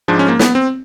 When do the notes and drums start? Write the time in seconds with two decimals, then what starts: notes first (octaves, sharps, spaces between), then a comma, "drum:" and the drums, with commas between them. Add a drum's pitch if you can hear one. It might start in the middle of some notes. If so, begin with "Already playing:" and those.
0.08 G#2 F3 G#3 D4
0.19 C#4
0.28 A#3
0.39 B3, drum: snare
0.55 C4